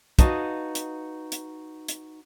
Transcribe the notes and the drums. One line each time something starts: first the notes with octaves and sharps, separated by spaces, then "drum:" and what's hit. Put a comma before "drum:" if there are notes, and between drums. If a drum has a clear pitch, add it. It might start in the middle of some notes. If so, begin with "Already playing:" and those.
D#4 F#4 B4 D#5 F5 A5, drum: kick, hi-hat
drum: hi-hat
drum: hi-hat
drum: hi-hat